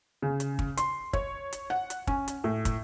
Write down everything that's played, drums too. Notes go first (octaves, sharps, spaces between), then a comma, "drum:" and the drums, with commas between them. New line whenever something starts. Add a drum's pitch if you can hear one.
C#3
drum: hi-hat
drum: kick
C6, drum: hi-hat
C#5, drum: kick
drum: hi-hat
F#5
drum: hi-hat
C#4, drum: kick
drum: hi-hat
A2
drum: kick, hi-hat